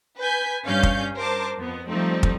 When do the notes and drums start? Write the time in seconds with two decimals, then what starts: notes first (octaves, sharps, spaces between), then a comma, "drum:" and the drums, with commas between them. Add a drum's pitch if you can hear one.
0.19 B4 G#5 G6 B6
0.67 G2 C#4 F5 G6
0.83 drum: kick
1.16 A#4 C5 A5 D6
1.57 F2 F3 B3
1.88 F3 G3 A3 C4 D#4
2.23 drum: kick